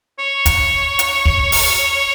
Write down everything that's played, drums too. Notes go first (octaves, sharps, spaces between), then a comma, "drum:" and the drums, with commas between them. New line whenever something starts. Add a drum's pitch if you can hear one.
C#5
drum: kick, hi-hat
drum: hi-hat
drum: kick
drum: open hi-hat